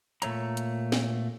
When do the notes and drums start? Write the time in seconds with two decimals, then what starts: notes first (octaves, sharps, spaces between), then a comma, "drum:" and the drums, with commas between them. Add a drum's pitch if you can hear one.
0.22 A#2 A3 C#5 A#5, drum: hi-hat
0.57 drum: hi-hat
0.92 drum: snare